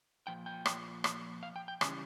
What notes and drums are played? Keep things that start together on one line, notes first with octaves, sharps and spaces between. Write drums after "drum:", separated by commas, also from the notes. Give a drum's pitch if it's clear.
A#2 F3 G5
G5
drum: rim click
drum: rim click
F5
G5
G5
C#3 E3 G3 C#4 G#5, drum: rim click